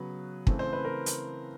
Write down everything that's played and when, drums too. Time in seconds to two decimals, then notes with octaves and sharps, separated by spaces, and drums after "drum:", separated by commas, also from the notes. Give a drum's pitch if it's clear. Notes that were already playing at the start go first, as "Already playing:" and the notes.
Already playing: C#3 F#3 B3 B4
0.47 C#3 E3 A3 C4, drum: kick
0.59 C5
0.73 B4
0.85 A#4
1.06 drum: hi-hat